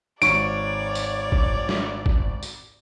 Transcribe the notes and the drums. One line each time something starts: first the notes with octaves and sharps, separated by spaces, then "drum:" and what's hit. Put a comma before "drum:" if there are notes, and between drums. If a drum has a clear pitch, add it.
G#1 G#2 C#5 D5 C#6 D7, drum: tambourine
drum: tambourine
drum: kick
drum: snare
drum: kick
drum: tambourine